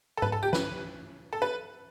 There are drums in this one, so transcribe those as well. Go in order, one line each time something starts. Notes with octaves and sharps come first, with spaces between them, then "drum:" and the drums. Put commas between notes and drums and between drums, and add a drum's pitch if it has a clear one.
A4
B4, drum: tom G#2
A4
G4
B4, drum: snare
A4
B4